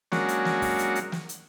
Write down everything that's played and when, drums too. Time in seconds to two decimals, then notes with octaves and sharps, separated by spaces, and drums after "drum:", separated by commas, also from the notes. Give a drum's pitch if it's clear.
0.12 F#3 G#3 A#3 C#4 D4 F#4, drum: snare
0.28 drum: hi-hat
0.45 drum: snare
0.62 drum: kick, open hi-hat
0.79 drum: hi-hat
0.95 drum: hi-hat
1.12 drum: snare
1.29 drum: hi-hat